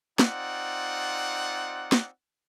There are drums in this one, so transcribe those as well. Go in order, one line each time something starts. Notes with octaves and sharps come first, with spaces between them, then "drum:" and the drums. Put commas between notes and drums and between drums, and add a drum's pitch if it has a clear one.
C4 D#4 F4 D5 F#5, drum: snare
drum: snare